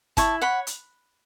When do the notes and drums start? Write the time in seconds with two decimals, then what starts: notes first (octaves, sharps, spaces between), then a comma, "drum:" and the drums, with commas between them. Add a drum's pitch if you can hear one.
0.17 E4 A5 C#6, drum: kick, hi-hat
0.41 C#5 F#5 B5
0.67 drum: hi-hat